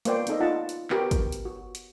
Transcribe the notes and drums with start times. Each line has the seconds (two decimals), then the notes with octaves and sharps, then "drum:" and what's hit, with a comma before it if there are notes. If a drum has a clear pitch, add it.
0.05 A#3 B3 C5 D5 G5, drum: hi-hat
0.27 C4 D#4 A4 D#5, drum: hi-hat
0.40 D#4 F4 F#5 A5
0.69 drum: hi-hat
0.90 B3 F#4 G4 A#4 G5, drum: clap
1.11 drum: kick, hi-hat
1.32 drum: hi-hat
1.45 F#4
1.75 drum: hi-hat